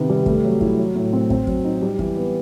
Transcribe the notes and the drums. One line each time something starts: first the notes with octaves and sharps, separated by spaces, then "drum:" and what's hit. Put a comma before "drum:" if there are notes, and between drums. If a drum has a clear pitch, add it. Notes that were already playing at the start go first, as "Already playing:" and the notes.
Already playing: C3 D#3 B3
G3
A3, drum: kick
F#3
E4, drum: kick
F#3
A2
C4
C4, drum: kick
F#3, drum: kick
D#4
G3
E3, drum: kick
B3